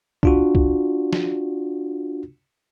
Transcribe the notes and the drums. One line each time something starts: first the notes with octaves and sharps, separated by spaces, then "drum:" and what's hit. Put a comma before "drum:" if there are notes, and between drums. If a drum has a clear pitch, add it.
D4 F4 F#4, drum: kick
drum: kick
drum: snare